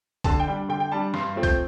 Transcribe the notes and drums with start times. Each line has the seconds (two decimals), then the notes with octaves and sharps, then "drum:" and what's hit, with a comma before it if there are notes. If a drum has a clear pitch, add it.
0.24 D3 A5, drum: kick B1, hi-hat
0.40 G5
0.47 G3 D4
0.69 D3 G5
0.80 G5
0.92 G3 D4 A5
1.14 G2 C6, drum: snare
1.36 F3 A3 C4
1.43 G6, drum: kick B1, hi-hat